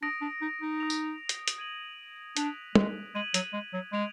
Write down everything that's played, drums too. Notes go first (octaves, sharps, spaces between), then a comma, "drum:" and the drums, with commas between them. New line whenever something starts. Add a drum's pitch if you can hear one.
D4 D#6 A#6 D7
D4
D#4
D#4
D#6 A#6 F7
drum: tambourine
drum: hi-hat
drum: hi-hat
G#6 D#7 F#7
D4 F#6 B6 D7 F7, drum: hi-hat
G#3, drum: tom
G#3 G#6 D#7 F#7
F#3, drum: hi-hat
G#3
F#3
G#3 G#6 D7 F7